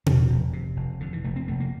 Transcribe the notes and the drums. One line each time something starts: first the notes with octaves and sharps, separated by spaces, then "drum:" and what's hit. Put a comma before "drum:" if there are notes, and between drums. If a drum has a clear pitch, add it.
F2 E3, drum: tom
F1
C3
F1
F2 D3
E3
F1 A3
C4
F1 A3
A#3